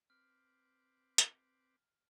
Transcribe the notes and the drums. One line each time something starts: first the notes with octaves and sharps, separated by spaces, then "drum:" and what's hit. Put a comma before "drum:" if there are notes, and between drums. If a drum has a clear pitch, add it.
C4 B4 D6 F6
drum: hi-hat